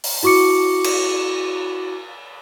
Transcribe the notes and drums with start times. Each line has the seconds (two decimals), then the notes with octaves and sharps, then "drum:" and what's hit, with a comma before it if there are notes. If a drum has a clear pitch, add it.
0.04 drum: open hi-hat
0.23 E4 F#4 C#6 D6 C#7
0.84 drum: cymbal